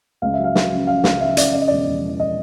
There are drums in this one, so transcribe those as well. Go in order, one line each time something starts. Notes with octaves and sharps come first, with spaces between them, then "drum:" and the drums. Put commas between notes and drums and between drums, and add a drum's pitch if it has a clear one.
C#2 F5
F#3 E5
F5
F#3, drum: snare
C#3
C#3 F5
C#2 F5, drum: snare
C#3 E5
C#3 D5, drum: hi-hat
C#3 D5
D#5
E1 D5
E1
E3
D#5